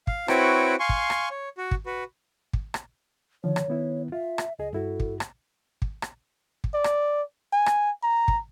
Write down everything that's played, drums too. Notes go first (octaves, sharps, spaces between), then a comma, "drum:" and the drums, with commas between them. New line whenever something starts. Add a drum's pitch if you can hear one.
F5, drum: kick
C4 E4 F#4 B4 C#5 G5, drum: rim click
F5 G#5 C6 C#6
drum: kick
drum: rim click
C#5
F#4
drum: kick
F#4 B4
drum: kick
drum: rim click
D3 D#3 F3 C#5
drum: rim click
D#3 B3 E4
F4 E5
drum: rim click
C#2 G#4 D#5
G2 E4 F#4 A4
drum: kick
drum: rim click
drum: kick
drum: rim click
drum: kick
D5
drum: rim click
G#5
drum: rim click
A#5
drum: kick